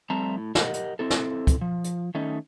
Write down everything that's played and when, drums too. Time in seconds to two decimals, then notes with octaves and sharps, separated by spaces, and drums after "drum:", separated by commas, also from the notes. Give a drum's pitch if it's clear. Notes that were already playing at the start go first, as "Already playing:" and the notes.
0.10 F2 G3 A3 C4 A5 A#5
0.37 A2
0.55 G4 A#4 D#5 F#5, drum: snare
0.74 drum: hi-hat
0.99 C4 E4 A4
1.10 drum: snare
1.47 drum: kick, hi-hat
1.61 F3
1.84 drum: hi-hat
2.15 D#3 A3 C#4 D#4